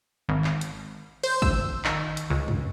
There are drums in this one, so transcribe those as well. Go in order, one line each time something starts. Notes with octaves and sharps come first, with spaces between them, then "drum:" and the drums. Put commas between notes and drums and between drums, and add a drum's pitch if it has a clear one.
G#1
drum: clap
drum: hi-hat
C5, drum: cymbal
E6, drum: kick
D#3, drum: clap
drum: hi-hat
C#2
drum: tom F2